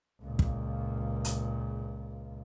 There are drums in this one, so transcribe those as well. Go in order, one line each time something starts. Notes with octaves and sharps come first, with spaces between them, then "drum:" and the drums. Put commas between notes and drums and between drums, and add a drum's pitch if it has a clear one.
C#2 A#2
drum: kick
drum: hi-hat